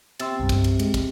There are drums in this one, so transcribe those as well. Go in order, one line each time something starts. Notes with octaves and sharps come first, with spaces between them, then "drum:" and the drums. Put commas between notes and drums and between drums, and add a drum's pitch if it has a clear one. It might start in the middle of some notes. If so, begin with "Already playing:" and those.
C3 C6 E6 A6, drum: cymbal
C2 G2
drum: kick, cymbal
drum: cymbal
G#3, drum: cymbal
drum: kick, cymbal